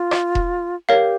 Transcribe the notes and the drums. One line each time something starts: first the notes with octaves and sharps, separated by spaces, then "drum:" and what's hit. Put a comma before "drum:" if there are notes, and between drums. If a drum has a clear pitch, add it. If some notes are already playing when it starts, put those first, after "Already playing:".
Already playing: F4
drum: rim click
drum: kick E1
G4 A#4 C#5 F5